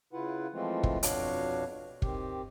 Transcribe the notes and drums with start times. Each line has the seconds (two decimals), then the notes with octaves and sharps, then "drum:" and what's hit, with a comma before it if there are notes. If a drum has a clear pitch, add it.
0.13 C#3 E4 F4 B4 F#5
0.54 E3 F3 G#3 A3 C4 F4
0.84 drum: kick
1.03 F2 B2 D4 F#4 C#5 F5, drum: hi-hat
2.02 D#3 C4 G4, drum: kick